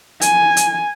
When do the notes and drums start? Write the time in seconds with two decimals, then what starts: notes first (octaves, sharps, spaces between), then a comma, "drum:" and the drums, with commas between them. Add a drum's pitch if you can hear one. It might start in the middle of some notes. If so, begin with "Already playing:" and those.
0.21 G#5, drum: hi-hat
0.57 drum: hi-hat